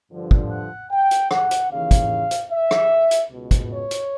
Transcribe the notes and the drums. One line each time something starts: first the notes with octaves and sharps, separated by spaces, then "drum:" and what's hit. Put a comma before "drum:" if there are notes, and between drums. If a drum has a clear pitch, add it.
G2 D3 F3
drum: kick
F#5
G5
drum: hi-hat
F#5, drum: rim click
drum: hi-hat
D#2 C#3 E3 F5
drum: kick, hi-hat
drum: hi-hat
E5
drum: rim click
drum: hi-hat
C#2 B2
drum: kick, hi-hat
C#5
drum: hi-hat